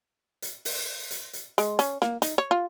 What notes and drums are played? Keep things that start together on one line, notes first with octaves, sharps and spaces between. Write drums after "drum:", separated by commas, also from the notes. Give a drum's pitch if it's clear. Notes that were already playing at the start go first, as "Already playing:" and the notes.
drum: hi-hat
drum: open hi-hat
drum: hi-hat
drum: hi-hat
G#3, drum: hi-hat
C#4, drum: hi-hat
A#3, drum: snare
D#4, drum: hi-hat
C#5
F4